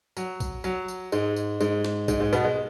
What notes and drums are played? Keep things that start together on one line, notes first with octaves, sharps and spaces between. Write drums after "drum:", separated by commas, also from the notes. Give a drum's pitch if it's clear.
F#3, drum: tambourine
drum: kick A#1, tambourine
F#3, drum: tambourine
drum: tambourine
G#2 G#3, drum: tambourine
drum: tambourine
G#2 G#3, drum: tambourine
drum: snare
G#2 G#3, drum: kick A#1, tambourine
G#2 G#3
B2 B3, drum: tambourine
G#3